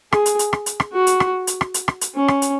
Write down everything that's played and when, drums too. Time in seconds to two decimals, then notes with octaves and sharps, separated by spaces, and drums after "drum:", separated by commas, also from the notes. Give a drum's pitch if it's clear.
0.12 G#4, drum: rim click
0.26 drum: hi-hat
0.39 drum: hi-hat
0.53 drum: rim click
0.66 drum: hi-hat
0.80 drum: rim click
0.93 F#4
1.07 drum: hi-hat
1.20 drum: rim click
1.47 drum: hi-hat
1.61 drum: rim click
1.74 drum: hi-hat
1.88 drum: rim click
2.01 drum: hi-hat
2.15 C#4
2.28 drum: rim click
2.42 drum: hi-hat